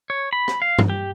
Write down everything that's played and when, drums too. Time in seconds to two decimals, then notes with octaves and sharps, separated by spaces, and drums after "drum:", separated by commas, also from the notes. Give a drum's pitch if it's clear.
0.10 C#5
0.33 B5
0.48 drum: rim click
0.62 F5
0.79 drum: tom G2
0.90 G4